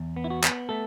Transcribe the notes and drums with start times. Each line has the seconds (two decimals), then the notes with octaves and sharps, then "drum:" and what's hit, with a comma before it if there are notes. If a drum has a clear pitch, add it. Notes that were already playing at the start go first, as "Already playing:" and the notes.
Already playing: E2
0.16 B3
0.24 E4
0.30 F#4
0.44 B3, drum: clap
0.69 A3 A4